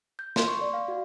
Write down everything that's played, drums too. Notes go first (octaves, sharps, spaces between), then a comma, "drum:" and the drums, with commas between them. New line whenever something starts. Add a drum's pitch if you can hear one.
G6
C6, drum: snare
C#6
D5
F5
F#4